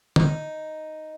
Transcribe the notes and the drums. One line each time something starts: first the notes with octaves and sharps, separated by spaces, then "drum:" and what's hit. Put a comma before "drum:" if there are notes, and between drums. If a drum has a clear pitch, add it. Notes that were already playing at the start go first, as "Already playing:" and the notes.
D#4, drum: tom D3